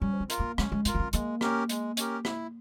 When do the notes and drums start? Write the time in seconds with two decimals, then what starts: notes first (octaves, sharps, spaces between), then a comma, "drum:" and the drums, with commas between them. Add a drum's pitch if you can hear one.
0.01 G3 C#4
0.20 C4
0.30 F4 A#4, drum: hi-hat
0.40 A#3
0.58 G#3 C#4, drum: rim click
0.72 G#3
0.85 C4 F4 A#4, drum: hi-hat
0.95 A#3
1.00 C4
1.13 G#3 A#3, drum: hi-hat
1.41 C#4 G4 A#4, drum: rim click
1.69 G#3, drum: hi-hat
1.97 C#4 G4 A#4, drum: hi-hat
2.25 E4, drum: rim click